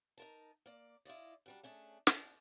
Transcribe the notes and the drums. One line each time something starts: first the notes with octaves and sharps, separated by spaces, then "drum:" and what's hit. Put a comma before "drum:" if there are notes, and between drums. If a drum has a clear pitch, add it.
D#4 A#4 A5
A#3 D5
E4 F4 D5 D#5
F#2 G3 D4
A3 C#4 D4 G#4
D4, drum: snare